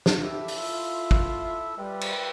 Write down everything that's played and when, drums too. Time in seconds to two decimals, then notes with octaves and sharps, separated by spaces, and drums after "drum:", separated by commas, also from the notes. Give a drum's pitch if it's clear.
0.06 drum: snare
0.19 E4 G4 A4 E5
0.48 drum: open hi-hat
0.59 F4
1.11 drum: kick
1.77 G3 F4 B4 E5 G5
2.01 drum: cymbal